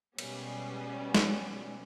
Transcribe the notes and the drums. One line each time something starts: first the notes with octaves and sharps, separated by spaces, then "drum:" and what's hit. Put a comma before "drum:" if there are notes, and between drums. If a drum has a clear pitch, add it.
B2 G3 G#3 B3 C#4, drum: cymbal
drum: snare